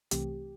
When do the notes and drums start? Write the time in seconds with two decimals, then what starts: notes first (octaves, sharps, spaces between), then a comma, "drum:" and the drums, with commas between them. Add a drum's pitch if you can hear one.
0.11 C2 C3 E3 A3 C4 G4, drum: hi-hat